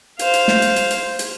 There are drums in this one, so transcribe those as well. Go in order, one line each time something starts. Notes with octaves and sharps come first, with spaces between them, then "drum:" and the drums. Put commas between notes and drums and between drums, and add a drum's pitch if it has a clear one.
C5 F5, drum: hi-hat
drum: hi-hat
drum: snare
drum: hi-hat
drum: hi-hat
drum: hi-hat
drum: hi-hat